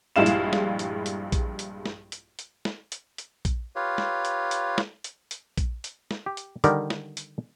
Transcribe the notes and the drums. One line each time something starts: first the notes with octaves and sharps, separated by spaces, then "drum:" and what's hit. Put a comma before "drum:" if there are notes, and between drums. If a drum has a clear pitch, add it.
A#1 G2 G#3 E4 F5 E7
drum: hi-hat
drum: snare
drum: hi-hat
drum: hi-hat
drum: kick A#1, hi-hat
drum: hi-hat
drum: snare
drum: hi-hat
drum: hi-hat
drum: snare
drum: hi-hat
drum: hi-hat
drum: kick A#1, hi-hat
F4 G4 B4 C#5 F5
drum: snare
drum: hi-hat
drum: hi-hat
drum: snare
drum: hi-hat
drum: hi-hat
drum: kick A#1, hi-hat
drum: hi-hat
drum: snare
G4
drum: hi-hat
D3 D#3 G3 A#4, drum: hi-hat
drum: snare
drum: hi-hat